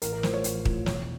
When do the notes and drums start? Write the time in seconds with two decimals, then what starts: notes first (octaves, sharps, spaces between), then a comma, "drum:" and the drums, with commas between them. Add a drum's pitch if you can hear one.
0.02 A1 A#4, drum: hi-hat
0.13 A#4
0.23 A2 F3 C5, drum: snare
0.34 C#5
0.44 A1, drum: hi-hat
0.65 A2 F3, drum: kick
0.86 E1 C#5, drum: snare